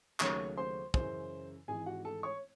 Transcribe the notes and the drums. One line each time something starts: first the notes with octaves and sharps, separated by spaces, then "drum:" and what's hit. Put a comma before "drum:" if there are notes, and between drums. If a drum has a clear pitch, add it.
D#2 C#3 F#3 A3 C#5 C#6, drum: clap
C5 C6
F#2 C#3 E3 C5 C6, drum: kick
G#1 G#2 E3 G#4 G#5
F#4 F#5
A4 A5
C#5 C#6